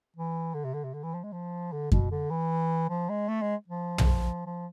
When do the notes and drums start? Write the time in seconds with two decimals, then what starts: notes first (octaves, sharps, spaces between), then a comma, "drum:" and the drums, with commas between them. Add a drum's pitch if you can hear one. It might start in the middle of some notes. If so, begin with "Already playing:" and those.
0.16 E3
0.54 D3
0.65 C3
0.74 D3
0.84 C3
0.94 D3
1.04 E3
1.14 F3
1.24 G#3
1.33 F3
1.72 D3
1.92 B2, drum: kick F#2
2.11 D3
2.30 E3
2.90 F3
3.10 G#3
3.28 A3
3.42 G#3
3.68 F3
3.98 drum: tom
4.46 F3